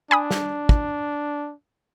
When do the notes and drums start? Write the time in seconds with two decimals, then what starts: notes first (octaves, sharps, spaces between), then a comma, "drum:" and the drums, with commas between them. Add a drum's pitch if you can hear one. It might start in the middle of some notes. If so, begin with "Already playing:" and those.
0.11 D4 G#5 B5 D#6
0.31 drum: snare
0.69 drum: kick